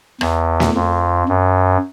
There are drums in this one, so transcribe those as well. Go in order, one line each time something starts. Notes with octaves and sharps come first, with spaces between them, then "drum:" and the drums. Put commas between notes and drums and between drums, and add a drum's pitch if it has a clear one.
E2, drum: rim click
drum: snare
F2
F#2